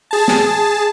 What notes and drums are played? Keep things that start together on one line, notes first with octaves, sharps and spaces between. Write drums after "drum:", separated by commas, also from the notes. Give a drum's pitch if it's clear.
G#4 A5
drum: snare